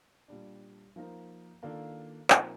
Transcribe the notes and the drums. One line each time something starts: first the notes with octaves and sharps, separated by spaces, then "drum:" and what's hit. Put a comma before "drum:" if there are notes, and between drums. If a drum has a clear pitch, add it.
A#2 G3 D4
F3 A#3 D#4 A#4
D#3 A#3 D4 F4 A4
A#2 F3 C4 D#4 A#4, drum: clap